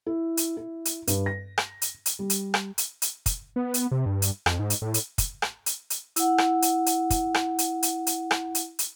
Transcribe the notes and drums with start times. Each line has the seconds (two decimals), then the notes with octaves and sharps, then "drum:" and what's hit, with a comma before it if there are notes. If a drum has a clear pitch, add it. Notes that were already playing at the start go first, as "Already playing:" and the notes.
0.06 E4
0.37 drum: hi-hat
0.57 E4
0.85 drum: hi-hat
1.07 G2, drum: hi-hat
1.26 A#6
1.58 drum: rim click
1.82 drum: hi-hat
2.06 drum: hi-hat
2.19 G3
2.30 drum: hi-hat
2.54 drum: rim click
2.78 drum: hi-hat
3.02 drum: hi-hat
3.26 drum: kick, hi-hat
3.56 B3
3.74 drum: hi-hat
3.91 C3
4.06 G2
4.22 drum: hi-hat
4.46 F2, drum: rim click
4.59 G#2
4.70 drum: hi-hat
4.82 A2
4.94 drum: hi-hat
5.18 drum: kick, hi-hat
5.42 drum: rim click
5.66 drum: hi-hat
5.90 drum: hi-hat
6.16 E4 F#5, drum: hi-hat
6.38 drum: rim click
6.62 drum: hi-hat
6.86 drum: hi-hat
7.10 drum: kick, hi-hat
7.34 drum: rim click
7.58 drum: hi-hat
7.83 drum: hi-hat
8.07 drum: hi-hat
8.31 drum: rim click
8.55 drum: hi-hat
8.79 drum: hi-hat